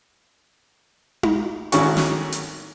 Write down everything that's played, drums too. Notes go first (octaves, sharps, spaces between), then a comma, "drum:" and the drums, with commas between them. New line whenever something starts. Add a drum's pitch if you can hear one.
drum: tom D#4
G#1 A2 D#3 C#4 F#4 C#6, drum: hi-hat
drum: snare
drum: hi-hat